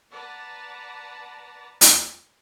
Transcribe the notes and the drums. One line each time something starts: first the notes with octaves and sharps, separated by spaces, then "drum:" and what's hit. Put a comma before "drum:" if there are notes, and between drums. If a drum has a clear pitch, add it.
B4 D5 F#5 A5 A#5
drum: hi-hat